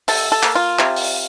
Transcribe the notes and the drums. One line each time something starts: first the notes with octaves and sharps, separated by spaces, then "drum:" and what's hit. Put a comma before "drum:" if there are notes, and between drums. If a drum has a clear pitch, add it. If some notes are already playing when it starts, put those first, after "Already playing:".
C3 A4, drum: open hi-hat
A4
A#3, drum: clap
F4
C3, drum: clap
drum: open hi-hat